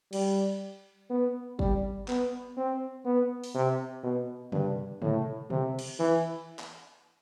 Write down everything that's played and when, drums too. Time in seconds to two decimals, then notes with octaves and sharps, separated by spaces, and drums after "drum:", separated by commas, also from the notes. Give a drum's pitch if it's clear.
0.13 G3, drum: cymbal
1.10 B3
1.59 G3, drum: kick
2.08 B3, drum: clap
2.57 C4
3.05 B3
3.44 drum: open hi-hat
3.55 C3
4.04 B2
4.52 G2, drum: tom C3
5.02 A2, drum: tom C3
5.50 C3, drum: tom C3
5.79 drum: cymbal
5.99 E3
6.59 drum: clap